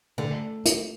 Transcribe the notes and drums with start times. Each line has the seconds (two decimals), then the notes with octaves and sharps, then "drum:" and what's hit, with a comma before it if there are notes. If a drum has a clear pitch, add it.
0.18 D3 A3
0.66 drum: hi-hat